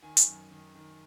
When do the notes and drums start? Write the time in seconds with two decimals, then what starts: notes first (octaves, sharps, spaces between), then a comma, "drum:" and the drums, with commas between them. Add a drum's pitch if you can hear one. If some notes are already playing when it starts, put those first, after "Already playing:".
0.03 D#3 G#5
0.17 drum: hi-hat
0.27 F#2
0.51 D#3
0.75 D#3